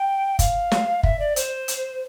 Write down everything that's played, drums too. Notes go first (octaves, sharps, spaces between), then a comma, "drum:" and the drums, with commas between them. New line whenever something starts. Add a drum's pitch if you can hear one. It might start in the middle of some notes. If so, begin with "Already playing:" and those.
Already playing: G5
F5, drum: kick, hi-hat
drum: snare
E5, drum: kick
D5
C5, drum: hi-hat
drum: hi-hat